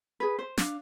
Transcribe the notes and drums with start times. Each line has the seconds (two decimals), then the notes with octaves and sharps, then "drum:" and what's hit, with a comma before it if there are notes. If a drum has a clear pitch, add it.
0.20 G#4 B4
0.39 C5
0.58 D4 F5, drum: snare